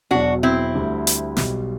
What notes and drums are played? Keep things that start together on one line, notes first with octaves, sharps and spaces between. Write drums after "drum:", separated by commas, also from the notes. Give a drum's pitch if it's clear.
E1 E2 B2 F#3 D4 F#4
C4 E4
D2 D3 G3
drum: hi-hat
B1 B2 G3, drum: snare